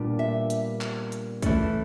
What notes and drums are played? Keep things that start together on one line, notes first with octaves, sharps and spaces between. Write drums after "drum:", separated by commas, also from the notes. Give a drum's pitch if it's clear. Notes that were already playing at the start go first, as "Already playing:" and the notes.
Already playing: A#2 G3 B3 D4
E5
drum: hi-hat
drum: clap
drum: hi-hat
E3 A3 C#4 D5, drum: kick, hi-hat